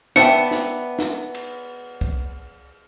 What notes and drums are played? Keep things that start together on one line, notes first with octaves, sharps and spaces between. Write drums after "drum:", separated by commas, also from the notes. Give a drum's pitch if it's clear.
B3 C5 D5 E5 G5 A5 C#7, drum: snare
drum: snare
drum: snare
drum: cymbal
drum: kick